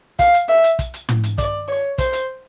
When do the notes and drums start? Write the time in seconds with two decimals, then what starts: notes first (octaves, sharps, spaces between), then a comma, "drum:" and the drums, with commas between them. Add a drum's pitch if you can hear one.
0.19 F5, drum: kick, hi-hat
0.34 drum: hi-hat
0.49 E5
0.64 drum: hi-hat
0.79 drum: kick, hi-hat
0.94 drum: hi-hat
1.09 drum: tom
1.23 drum: hi-hat
1.38 D5, drum: kick, hi-hat
1.68 C#5
1.98 C5, drum: kick, hi-hat
2.13 drum: hi-hat